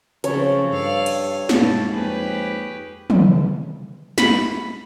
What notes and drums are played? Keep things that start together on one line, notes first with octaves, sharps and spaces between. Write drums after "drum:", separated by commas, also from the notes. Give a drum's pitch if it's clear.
C#3 F3 A3 C4 C#5, drum: hi-hat
G2 A4 D5 F5
drum: cymbal
B2 G#3 A#3 D#4 A5, drum: snare
F2 G4 G#4 B4
drum: tom
B5, drum: snare